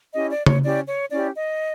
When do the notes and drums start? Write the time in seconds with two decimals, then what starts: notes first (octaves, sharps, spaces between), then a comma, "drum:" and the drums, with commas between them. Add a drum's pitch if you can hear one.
0.14 C#4 E4 G4 D#5
0.31 D5
0.46 C#5, drum: tom C#3
0.63 C#4 E4 G4 D5
0.87 C#5
1.10 C#4 E4 G4 D5
1.35 D#5